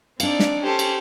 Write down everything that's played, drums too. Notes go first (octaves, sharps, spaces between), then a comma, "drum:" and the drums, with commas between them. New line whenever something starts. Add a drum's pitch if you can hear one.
C4 D4 D#4 D5 F5, drum: cymbal
drum: snare
C#4 G4 A4 C5
drum: cymbal